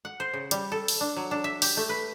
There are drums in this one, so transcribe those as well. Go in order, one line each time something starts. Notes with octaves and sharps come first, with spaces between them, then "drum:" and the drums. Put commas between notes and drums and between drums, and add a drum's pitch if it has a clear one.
F#5
C5
C#3
G3, drum: hi-hat
A4
drum: open hi-hat
D4
F#3
D4
E5
G4, drum: open hi-hat
A3
B4